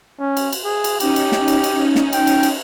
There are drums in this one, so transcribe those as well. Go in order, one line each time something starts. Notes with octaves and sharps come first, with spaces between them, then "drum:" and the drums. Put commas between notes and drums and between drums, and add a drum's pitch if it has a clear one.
C#4
drum: cymbal
drum: cymbal
G#4
drum: cymbal
C#4 D#4 G4, drum: cymbal
drum: cymbal
drum: snare
drum: cymbal
drum: cymbal
drum: snare
G5, drum: cymbal
drum: cymbal
drum: cymbal